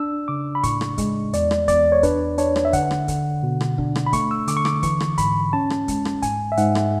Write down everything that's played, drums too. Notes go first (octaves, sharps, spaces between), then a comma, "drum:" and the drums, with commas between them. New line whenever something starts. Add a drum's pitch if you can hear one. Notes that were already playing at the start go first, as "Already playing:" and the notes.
Already playing: D4 E6
C#3 D6
B5
A2 C#6, drum: kick, hi-hat
drum: rim click
G#3, drum: kick, hi-hat
E2 D5, drum: hi-hat
drum: rim click
E2 D5, drum: kick, hi-hat
C#5
D4 B4, drum: kick, hi-hat
D4 C#5, drum: hi-hat
drum: rim click
E5
D3 F#5, drum: kick, hi-hat
drum: rim click
D3, drum: kick, hi-hat
B2
drum: rim click
D4, drum: kick
drum: rim click
B5
A3 C#6, drum: kick, hi-hat
E6
D3 D6, drum: hi-hat
C#6
D6, drum: rim click
E3 C#6, drum: kick, hi-hat
drum: rim click
G#2 B5, drum: kick, hi-hat
C#4 A5
drum: rim click
G#3, drum: kick, hi-hat
drum: rim click
G#2 G#5, drum: kick, hi-hat
E5
G#2 F#5, drum: hi-hat
drum: rim click